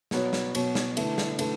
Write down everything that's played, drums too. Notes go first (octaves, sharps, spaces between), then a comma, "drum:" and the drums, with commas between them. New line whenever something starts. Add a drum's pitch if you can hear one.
B2 F#3 B3 F#4 C#5, drum: snare
drum: snare
B2 F#3 B3 F#4 C#5, drum: cymbal
drum: snare
D3 A3 E4 B4, drum: cymbal
drum: snare
D3 A3 E4 B4, drum: cymbal